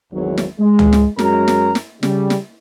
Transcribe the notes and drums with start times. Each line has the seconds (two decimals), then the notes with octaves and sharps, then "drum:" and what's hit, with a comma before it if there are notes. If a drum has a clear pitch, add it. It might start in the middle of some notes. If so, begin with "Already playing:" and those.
0.12 G#1 E2 F#3
0.38 drum: snare
0.59 G#3
0.79 drum: tom C#2
0.93 drum: snare
1.19 F#2 G#3 F#4 A#4 C#5 A#5, drum: snare
1.48 drum: snare
1.75 drum: snare
2.03 C#3 G3, drum: snare
2.30 drum: snare